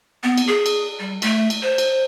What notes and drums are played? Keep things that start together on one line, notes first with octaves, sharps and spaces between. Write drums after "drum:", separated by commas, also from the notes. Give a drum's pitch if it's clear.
B3
drum: cymbal
G#4
drum: cymbal
G3
A3, drum: cymbal
drum: cymbal
C5
drum: cymbal